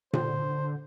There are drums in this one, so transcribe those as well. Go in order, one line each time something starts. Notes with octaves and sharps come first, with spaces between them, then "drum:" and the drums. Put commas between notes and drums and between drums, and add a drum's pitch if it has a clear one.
D3 C5, drum: tom A#2